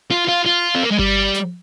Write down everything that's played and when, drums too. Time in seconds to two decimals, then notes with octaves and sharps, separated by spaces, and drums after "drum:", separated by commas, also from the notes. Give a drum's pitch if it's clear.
0.11 F4
0.29 F4
0.46 F4
0.75 C4
0.83 A#3
0.91 G#3
0.99 G3, drum: kick G1
1.34 drum: snare